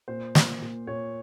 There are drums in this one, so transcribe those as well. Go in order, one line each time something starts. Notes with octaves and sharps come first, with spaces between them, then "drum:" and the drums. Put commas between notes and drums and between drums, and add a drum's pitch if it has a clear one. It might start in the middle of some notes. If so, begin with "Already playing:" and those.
A#2 C5
A#2, drum: snare
A#2
A#2 C#5